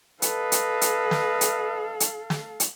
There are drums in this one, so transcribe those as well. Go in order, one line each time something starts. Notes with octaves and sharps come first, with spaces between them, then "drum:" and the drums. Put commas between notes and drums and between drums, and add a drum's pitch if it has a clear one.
A4 B4 D#5 F5, drum: hi-hat
drum: hi-hat
drum: hi-hat
drum: snare
drum: hi-hat
drum: hi-hat
drum: snare
drum: hi-hat